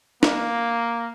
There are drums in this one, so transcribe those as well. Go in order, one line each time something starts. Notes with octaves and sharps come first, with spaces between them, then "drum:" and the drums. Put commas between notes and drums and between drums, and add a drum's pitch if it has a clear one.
A#3, drum: snare